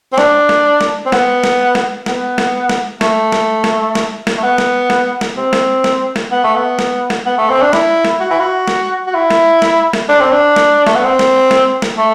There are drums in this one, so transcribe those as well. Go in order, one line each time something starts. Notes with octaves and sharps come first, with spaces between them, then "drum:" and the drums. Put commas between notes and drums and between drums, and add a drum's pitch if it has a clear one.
C4
D4, drum: snare
drum: snare
drum: snare
C4
B3, drum: snare
drum: snare
drum: snare
B3, drum: snare
drum: snare
drum: snare
A3, drum: snare
drum: snare
drum: snare
drum: snare
drum: snare
A3
B3
drum: snare
drum: snare
drum: snare
C4
drum: snare
drum: snare
drum: snare
B3
A3
B3
drum: snare
drum: snare
B3
A3
C4
D4
E4, drum: snare
drum: snare
F#4
E4
F#4
drum: snare
F#4
E4
drum: snare
drum: snare
drum: snare
D4
C4
D4
drum: snare
A3, drum: snare
B3
C4
drum: snare
drum: snare
drum: snare
A3